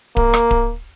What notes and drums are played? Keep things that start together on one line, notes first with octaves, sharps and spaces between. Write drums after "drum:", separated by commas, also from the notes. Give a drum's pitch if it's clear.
A#3, drum: kick D1
drum: rim click
drum: kick D1